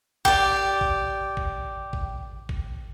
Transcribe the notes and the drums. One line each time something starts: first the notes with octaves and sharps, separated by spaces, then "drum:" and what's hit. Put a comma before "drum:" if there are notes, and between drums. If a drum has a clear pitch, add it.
G4 D5, drum: kick G#1
drum: kick G#1
drum: kick G#1
drum: kick G#1
drum: kick G#1